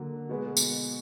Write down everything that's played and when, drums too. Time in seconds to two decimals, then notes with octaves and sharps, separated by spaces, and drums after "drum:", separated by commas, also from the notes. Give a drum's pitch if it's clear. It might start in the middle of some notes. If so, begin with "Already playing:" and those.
Already playing: D3 F#3 A#3
0.29 B2 G#3 B3
0.57 drum: tambourine